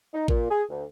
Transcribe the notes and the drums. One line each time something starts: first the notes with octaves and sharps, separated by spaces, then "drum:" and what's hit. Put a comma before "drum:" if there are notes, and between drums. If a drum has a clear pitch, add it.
D#4
A#2, drum: kick A1
G#4
D2